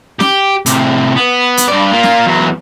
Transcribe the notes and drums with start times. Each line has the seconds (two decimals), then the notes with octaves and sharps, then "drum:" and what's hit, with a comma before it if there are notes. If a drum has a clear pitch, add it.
0.20 G4, drum: snare
0.66 A2 C3, drum: hi-hat
1.16 B3
1.57 drum: hi-hat
1.68 G2 D5
1.92 A#3 F4
2.03 drum: snare
2.26 E2 F#3